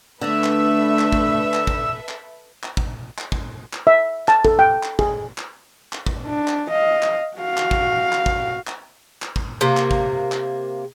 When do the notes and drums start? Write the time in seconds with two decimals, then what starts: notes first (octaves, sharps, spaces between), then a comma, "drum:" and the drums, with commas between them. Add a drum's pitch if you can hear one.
0.21 D3 A3 D4 A4 B4 E5 E6
0.44 drum: clap
0.99 drum: clap
1.12 drum: kick
1.54 drum: clap
1.67 drum: kick
2.09 drum: clap
2.63 drum: clap
2.77 drum: kick
3.18 drum: clap
3.32 drum: kick
3.73 drum: clap
3.87 E5
4.28 A5, drum: clap
4.45 A4, drum: kick
4.59 G5
4.83 drum: clap
4.99 G#4, drum: kick
5.38 drum: clap
5.93 drum: clap
6.06 drum: kick
6.26 D4
6.48 drum: clap
6.70 D#5 F5
7.03 drum: clap
7.37 F#4 F5
7.57 drum: clap
7.71 drum: kick
8.12 drum: clap
8.26 drum: kick
8.67 drum: clap
9.22 drum: clap
9.36 drum: kick
9.61 C3 A#3
9.77 drum: clap
9.91 drum: kick
10.32 drum: clap